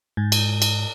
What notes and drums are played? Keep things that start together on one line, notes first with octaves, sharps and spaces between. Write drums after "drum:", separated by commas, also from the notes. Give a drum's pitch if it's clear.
G#2
drum: cymbal
drum: cymbal